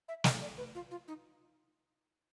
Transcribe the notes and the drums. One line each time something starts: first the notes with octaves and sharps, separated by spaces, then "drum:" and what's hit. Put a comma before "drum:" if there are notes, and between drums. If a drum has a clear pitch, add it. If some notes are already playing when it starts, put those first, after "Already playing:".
E5
D#5, drum: snare
D5
B4
F4
F4
D#4